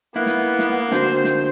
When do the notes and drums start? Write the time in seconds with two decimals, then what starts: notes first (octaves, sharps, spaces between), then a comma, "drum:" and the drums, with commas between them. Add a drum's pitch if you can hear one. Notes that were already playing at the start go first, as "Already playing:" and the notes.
0.16 A#3 B3 E4 F#6
0.26 drum: snare
0.59 drum: snare
0.92 D3 C4 F#4 C5 G6, drum: snare
1.24 drum: snare